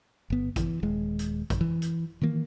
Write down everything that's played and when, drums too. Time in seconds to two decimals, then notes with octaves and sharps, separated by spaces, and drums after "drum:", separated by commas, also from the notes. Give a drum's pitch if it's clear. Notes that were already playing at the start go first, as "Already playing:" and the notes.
0.30 G1 B3
0.56 E3, drum: kick G#1, hi-hat
0.83 D#1 G#3
1.19 drum: hi-hat
1.50 drum: kick G#1, hi-hat
1.61 E3
1.82 drum: hi-hat
2.22 D#3 E3 A#3